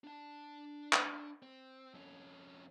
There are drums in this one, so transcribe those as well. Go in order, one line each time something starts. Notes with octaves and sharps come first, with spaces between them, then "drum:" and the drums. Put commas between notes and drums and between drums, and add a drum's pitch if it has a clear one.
D4 A5
drum: clap
C4
F2 C#4